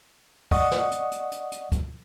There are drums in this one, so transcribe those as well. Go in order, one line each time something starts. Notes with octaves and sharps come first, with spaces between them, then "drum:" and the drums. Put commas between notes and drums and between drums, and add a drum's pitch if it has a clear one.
D5 D#5 F#5 C#6 D#6, drum: kick, open hi-hat
drum: snare
drum: hi-hat
drum: hi-hat
drum: hi-hat
drum: hi-hat
drum: kick, hi-hat